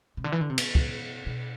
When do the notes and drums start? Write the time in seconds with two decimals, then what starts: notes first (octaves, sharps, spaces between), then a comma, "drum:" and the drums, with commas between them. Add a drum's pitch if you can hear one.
0.17 C3
0.24 D3
0.32 E3
0.41 D3
0.50 C3
0.58 B2, drum: cymbal
0.75 drum: kick
1.26 B2